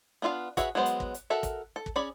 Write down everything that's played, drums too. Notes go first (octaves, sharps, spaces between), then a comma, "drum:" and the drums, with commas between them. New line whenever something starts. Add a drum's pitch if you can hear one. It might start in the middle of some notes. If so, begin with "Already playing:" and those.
B3 D4 F4 E5 F5
F#4 G#4 B4 C#5 E5, drum: kick, hi-hat
F#3 G#3 B3 C5
drum: hi-hat
drum: kick
drum: hi-hat
F#4 A4 A#4 E5
drum: kick, hi-hat
A4
drum: kick
C#4 G#4 D5 B5